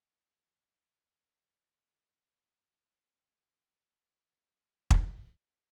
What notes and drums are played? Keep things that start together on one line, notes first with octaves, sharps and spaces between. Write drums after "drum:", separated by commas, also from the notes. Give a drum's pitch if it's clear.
F3
D2
D3
B1
E4 F#4 C#5 D5 A#5 C#6
G5
C#2 F#2 F3 A#4 C5
drum: kick